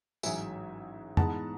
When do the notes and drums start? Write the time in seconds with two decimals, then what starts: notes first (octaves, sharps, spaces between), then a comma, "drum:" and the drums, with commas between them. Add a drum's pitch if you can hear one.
0.23 A1 G#2 F#3 E5 G#5, drum: tambourine
1.17 G#2 E3 G#3 B3 F#5 A5, drum: tom